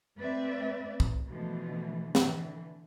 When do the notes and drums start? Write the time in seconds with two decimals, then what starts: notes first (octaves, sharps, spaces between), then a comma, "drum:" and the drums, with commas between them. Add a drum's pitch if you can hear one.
0.20 A3 C4 B4 D5 E5
1.00 drum: kick
1.28 B2 D3 E3 F3 A3
2.15 D3 E3, drum: snare